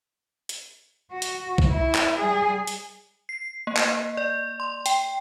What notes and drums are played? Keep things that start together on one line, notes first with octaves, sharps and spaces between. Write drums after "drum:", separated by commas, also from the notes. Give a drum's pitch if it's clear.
drum: hi-hat
F#4
drum: hi-hat
drum: kick
E4
drum: clap
G3 G#4
drum: hi-hat
C7
A#3
drum: clap
D5
C6
G5, drum: hi-hat